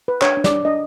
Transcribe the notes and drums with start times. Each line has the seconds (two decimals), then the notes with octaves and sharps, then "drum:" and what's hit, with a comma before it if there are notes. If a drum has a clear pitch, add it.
0.08 B4
0.22 D4 C#5, drum: clap
0.37 D4
0.44 D5, drum: snare
0.51 D4
0.65 D4 D#5